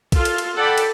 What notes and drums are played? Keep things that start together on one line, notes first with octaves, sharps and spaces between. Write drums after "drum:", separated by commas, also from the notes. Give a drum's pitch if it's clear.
F4 A4, drum: kick, cymbal
drum: cymbal
drum: cymbal
A4 D5 F#5 G5 B5
drum: cymbal